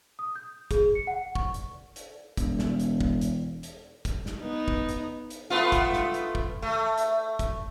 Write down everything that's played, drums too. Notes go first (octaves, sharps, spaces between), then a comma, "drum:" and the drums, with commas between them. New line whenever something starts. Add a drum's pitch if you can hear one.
D#6
G6
G#4, drum: kick, hi-hat
C#7
F#5
C#6, drum: kick
drum: hi-hat
drum: hi-hat
E1, drum: kick, hi-hat
drum: snare
drum: hi-hat
drum: kick
drum: hi-hat
drum: hi-hat
drum: kick, hi-hat
drum: snare
B3 D#4
drum: kick
drum: hi-hat
drum: hi-hat
A3 B3 F4
drum: kick, hi-hat
drum: snare
drum: hi-hat
drum: kick
A3
drum: hi-hat
drum: kick, hi-hat